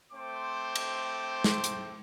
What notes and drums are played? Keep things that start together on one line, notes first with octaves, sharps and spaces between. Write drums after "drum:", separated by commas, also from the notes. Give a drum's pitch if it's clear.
A3 C4 C5 G5 D6
drum: cymbal
drum: snare
drum: hi-hat